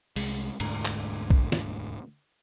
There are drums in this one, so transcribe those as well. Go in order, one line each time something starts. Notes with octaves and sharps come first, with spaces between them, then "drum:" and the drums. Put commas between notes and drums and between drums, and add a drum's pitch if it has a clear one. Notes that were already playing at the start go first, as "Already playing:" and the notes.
C2 G#3, drum: open hi-hat
E1 D2 G#2 D3, drum: cymbal
drum: clap
drum: kick
drum: snare